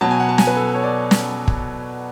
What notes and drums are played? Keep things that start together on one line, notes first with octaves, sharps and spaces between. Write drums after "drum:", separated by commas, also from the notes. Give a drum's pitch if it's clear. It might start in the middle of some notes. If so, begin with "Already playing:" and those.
B2 F#3 A5
G#5
F#5
A5
G#5, drum: snare
B4
A4
C#5
D5
drum: snare
drum: kick